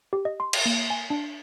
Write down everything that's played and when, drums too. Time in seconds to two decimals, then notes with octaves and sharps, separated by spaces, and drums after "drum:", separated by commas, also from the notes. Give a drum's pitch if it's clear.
0.13 G4
0.25 D#5
0.40 C6
0.53 drum: cymbal
0.65 A#3
0.90 G#5
1.10 D4